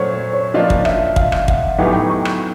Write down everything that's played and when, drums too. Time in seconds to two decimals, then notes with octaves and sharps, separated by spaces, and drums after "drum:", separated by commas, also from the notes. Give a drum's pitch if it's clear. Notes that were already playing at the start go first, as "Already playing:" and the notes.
Already playing: A#2 F#3 A3 C5 C#5
0.13 C5
0.33 C#5
0.54 F3 A#3 D4 F4 D#5
0.70 drum: kick
0.85 E5, drum: rim click
1.16 F5, drum: kick
1.32 drum: rim click
1.48 F#5, drum: kick
1.78 A2 F#3 B3 D#4 G4 G5
1.86 G#5
1.93 G5
2.10 C#6
2.25 drum: rim click